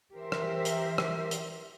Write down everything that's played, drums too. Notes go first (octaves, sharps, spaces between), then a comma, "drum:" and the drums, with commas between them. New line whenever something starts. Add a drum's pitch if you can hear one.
E3 G4 A#4 C5 E5
drum: rim click
drum: hi-hat
drum: rim click
drum: hi-hat